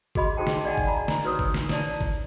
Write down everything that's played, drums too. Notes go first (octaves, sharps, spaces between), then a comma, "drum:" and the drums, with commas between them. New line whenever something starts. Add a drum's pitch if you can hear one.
F#4 G#4 D#5 B5 C6, drum: kick G1
D#4 F#4 G#4 C5 G5 A5
drum: snare
D5 D#5 F#5 G#5 A5
drum: kick G1
D5 A#5 B5
drum: snare
D#4 F#4 B4 C#5 D#6 E6
drum: kick G1
drum: snare
E4 C#5 D5 A5, drum: snare
drum: kick G1